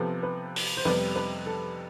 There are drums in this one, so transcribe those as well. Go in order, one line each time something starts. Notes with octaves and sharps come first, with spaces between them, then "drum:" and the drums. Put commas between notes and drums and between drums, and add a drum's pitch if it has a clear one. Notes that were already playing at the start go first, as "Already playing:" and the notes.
Already playing: C3 F3 B3 A4 C5
B4
drum: open hi-hat
C5
F2 C3 G3 B3 B4
B4
A4